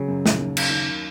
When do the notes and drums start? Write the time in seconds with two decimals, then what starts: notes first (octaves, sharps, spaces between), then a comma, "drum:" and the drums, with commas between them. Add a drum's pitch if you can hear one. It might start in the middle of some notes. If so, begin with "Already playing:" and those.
Already playing: C#3 F#3
0.08 F#2
0.26 drum: snare
0.38 D#2
0.57 drum: cymbal
0.70 D#3